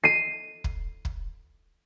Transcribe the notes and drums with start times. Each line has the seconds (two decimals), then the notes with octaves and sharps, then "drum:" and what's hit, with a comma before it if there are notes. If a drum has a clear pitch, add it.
0.04 C7 D#7
0.64 drum: kick
1.05 drum: kick